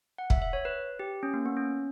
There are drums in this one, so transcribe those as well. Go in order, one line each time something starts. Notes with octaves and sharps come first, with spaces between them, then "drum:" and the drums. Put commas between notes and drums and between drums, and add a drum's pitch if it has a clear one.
F#5
E5, drum: kick
E5
C#5
B4
G4
C#4
A#3
B3
C#4